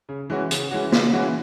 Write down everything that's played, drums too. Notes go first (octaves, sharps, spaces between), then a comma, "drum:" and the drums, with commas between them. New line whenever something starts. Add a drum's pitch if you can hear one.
C#3
E3 G#3 C#4 F#4
C#3, drum: hi-hat
E3 G#3 C#4 F#4
C#3, drum: snare
E3 G#3 C#4 F#4